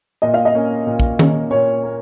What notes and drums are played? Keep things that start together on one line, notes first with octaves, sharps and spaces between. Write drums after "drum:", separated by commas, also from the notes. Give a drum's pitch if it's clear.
A#2 D#5
F5
D#5
A#3 C#4
A#2
drum: kick
A#3 C#4, drum: tom D#3
A#2 C#5
A#3